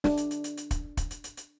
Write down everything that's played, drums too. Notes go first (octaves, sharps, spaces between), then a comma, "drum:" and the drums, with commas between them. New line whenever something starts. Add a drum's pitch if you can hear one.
D4, drum: snare
drum: hi-hat
drum: hi-hat
drum: hi-hat
drum: hi-hat
drum: kick, hi-hat
drum: kick, hi-hat
drum: hi-hat
drum: hi-hat
drum: hi-hat